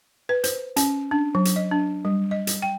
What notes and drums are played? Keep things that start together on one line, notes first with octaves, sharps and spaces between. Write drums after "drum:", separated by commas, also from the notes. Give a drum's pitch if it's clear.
B4
C5, drum: hi-hat
C#4, drum: hi-hat
D4
F#3
drum: hi-hat
D#5
D4
G3
D#5
drum: hi-hat
G5